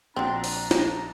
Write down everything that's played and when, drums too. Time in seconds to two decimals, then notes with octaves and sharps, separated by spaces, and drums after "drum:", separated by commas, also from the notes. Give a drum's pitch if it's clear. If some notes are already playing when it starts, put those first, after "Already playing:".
0.16 A#1 F#3 C4 D4 A#5
0.44 drum: open hi-hat
0.71 drum: snare